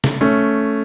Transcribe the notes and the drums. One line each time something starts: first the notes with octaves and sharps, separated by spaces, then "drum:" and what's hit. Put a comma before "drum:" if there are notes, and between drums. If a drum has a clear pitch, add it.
drum: snare
A3 C#4